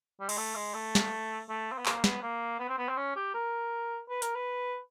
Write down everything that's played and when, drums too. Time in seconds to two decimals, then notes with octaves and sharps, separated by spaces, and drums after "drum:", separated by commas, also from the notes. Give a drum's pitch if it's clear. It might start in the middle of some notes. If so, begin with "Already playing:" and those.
0.20 G3
0.29 G#3, drum: cymbal
0.37 A3
0.55 G#3
0.74 A3
0.95 drum: snare
1.49 A3
1.72 C4
1.78 B3
1.86 A#3, drum: clap
2.04 B3, drum: snare
2.23 A#3
2.60 B3
2.69 C4
2.78 B3
2.89 C4
2.97 C#4
3.16 G4
3.34 A#4
4.09 B4
4.22 A#4, drum: hi-hat
4.36 B4